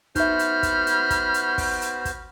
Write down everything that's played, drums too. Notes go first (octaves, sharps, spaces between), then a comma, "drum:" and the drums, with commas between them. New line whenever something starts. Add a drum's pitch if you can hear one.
B3 D#4 F#4 C5 E5 B5 F6 G6, drum: kick, hi-hat
drum: hi-hat
drum: kick, hi-hat
drum: hi-hat
drum: kick, hi-hat
drum: hi-hat
drum: kick, open hi-hat
drum: hi-hat
drum: kick, hi-hat